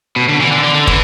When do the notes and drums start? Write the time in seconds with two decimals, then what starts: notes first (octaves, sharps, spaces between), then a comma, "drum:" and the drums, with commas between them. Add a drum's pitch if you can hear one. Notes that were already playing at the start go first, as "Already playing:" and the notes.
0.16 B2
0.29 D3
0.40 E3
0.52 D3
0.64 D3
0.75 D3
0.87 E3, drum: kick